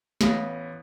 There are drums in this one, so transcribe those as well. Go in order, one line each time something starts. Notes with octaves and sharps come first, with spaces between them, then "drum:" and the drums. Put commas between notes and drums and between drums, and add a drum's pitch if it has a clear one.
A1 B3 F5 D#6 A#6 B6, drum: snare